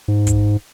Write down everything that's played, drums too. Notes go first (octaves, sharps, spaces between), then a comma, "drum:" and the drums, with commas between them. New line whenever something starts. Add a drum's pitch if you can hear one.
G#2
drum: kick, hi-hat